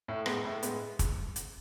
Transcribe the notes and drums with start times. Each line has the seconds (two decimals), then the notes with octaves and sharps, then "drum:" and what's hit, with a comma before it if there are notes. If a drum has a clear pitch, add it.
0.08 A2
0.26 G#3 B3, drum: rim click
0.45 A2
0.63 G#3 B3, drum: hi-hat
0.99 drum: kick, hi-hat
1.36 drum: hi-hat